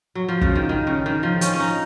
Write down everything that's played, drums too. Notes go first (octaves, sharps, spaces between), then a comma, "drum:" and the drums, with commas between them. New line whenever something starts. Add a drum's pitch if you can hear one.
F#3
F3
C#3, drum: kick
D#3
D#3
C#3
D#3
F3
C#4, drum: hi-hat
C#4
D#4